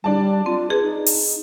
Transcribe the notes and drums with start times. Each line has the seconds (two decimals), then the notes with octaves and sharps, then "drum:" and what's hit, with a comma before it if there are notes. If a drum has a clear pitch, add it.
0.04 G3 D4 D5 A5
0.46 C4 F4
0.70 G#4 B4
0.82 D#4
1.06 drum: open hi-hat